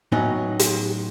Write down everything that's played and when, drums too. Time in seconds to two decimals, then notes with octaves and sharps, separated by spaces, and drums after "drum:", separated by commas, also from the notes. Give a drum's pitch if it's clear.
0.12 A2 F#3 B3 C#4 D#4
0.59 drum: hi-hat